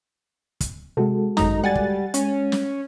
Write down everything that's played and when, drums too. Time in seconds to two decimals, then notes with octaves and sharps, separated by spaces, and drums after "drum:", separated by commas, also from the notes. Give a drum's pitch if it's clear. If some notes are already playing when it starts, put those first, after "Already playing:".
0.61 drum: kick, hi-hat
0.97 C3 G#3 F#4 A4
1.37 G#1 F#2 D#4 A#5, drum: snare
1.64 G3 F#5 G#5 A6
1.75 drum: kick
2.14 G#3 C#4, drum: hi-hat
2.52 drum: snare